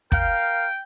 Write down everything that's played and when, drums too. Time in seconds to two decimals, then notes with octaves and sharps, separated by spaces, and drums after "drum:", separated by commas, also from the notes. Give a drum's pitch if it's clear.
0.12 A#4 F5 G5, drum: kick